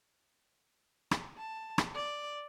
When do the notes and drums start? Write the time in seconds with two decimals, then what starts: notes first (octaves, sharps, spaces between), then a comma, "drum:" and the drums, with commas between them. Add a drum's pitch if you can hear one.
1.11 drum: rim click
1.37 A5
1.78 drum: rim click
1.95 D5